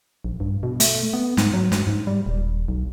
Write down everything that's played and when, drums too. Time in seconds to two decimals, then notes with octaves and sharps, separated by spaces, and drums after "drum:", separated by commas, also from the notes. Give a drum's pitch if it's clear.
0.25 A#1
0.40 G2
0.63 B2
0.80 A3, drum: hi-hat
1.13 B3
1.37 G#2, drum: snare
1.54 F#3
1.72 G2, drum: snare
1.87 G#2
2.07 G3
2.26 D#1
2.68 B1